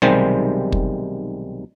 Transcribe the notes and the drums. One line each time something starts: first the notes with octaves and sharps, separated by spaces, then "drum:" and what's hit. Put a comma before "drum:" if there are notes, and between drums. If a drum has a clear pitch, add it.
B1 C3 D#3 G3 G#3 C5
drum: kick